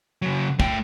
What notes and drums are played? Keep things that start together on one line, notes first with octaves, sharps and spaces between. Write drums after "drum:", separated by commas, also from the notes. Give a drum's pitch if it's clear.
C#3 F#3
A3 G5, drum: kick